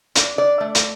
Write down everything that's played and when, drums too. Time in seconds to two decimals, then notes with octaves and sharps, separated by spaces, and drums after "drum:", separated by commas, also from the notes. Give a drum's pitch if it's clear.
0.15 D4, drum: hi-hat
0.38 D5
0.60 A3
0.75 drum: hi-hat